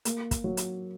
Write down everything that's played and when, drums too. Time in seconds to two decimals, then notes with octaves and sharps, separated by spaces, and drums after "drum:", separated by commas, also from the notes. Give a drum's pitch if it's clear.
0.05 A#3, drum: hi-hat
0.31 drum: kick, hi-hat
0.44 F#3
0.57 drum: hi-hat